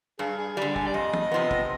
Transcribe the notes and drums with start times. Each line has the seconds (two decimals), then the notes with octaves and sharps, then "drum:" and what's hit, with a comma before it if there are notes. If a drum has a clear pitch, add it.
0.19 G2 G#4
0.38 G#4
0.57 D3 G3 D5
0.76 G#5, drum: kick
0.87 D5
0.94 F2 D#5
1.13 drum: tom
1.31 C3 F3 B3
1.51 drum: kick